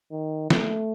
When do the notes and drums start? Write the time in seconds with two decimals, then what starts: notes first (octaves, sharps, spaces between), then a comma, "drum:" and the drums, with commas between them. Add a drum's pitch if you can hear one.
0.12 D#3
0.50 A3, drum: snare